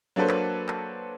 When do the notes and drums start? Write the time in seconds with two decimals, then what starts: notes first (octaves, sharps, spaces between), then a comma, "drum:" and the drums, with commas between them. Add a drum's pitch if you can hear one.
0.16 F#3 A#3 D4 A4 B4 C5
0.29 drum: clap
0.68 drum: clap